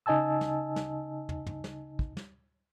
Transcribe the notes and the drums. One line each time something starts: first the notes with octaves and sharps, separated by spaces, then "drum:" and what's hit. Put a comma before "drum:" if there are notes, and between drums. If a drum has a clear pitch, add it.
C#3 D#4 D#5 G#5 A5 E6
drum: snare
drum: snare
drum: tom
drum: tom
drum: snare
drum: kick
drum: snare